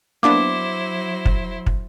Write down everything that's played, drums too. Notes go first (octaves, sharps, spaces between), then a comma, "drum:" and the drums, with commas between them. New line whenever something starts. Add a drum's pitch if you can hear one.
F#3 A#3 B3 D4 E4 C5 D6
drum: kick
drum: kick